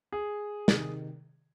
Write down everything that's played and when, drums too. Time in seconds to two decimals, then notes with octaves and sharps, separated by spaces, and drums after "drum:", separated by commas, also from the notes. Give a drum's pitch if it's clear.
0.12 G#4
0.68 C3 D#3, drum: snare